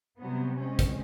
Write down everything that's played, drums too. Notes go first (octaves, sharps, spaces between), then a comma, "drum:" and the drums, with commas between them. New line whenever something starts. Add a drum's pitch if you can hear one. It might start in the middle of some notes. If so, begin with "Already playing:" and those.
C3 F#3 G3 B3
G#3 C4 C#4
drum: kick, hi-hat